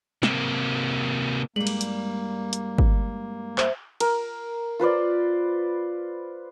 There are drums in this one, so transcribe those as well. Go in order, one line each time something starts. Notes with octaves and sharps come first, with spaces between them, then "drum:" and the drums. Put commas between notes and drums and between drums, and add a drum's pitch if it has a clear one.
C3 A#3, drum: snare
G2 G3 G#3 A#3 F#7
drum: cymbal
drum: hi-hat
drum: hi-hat
drum: kick
C5 E5, drum: clap
A#4, drum: cymbal
F4 B4 C5 D5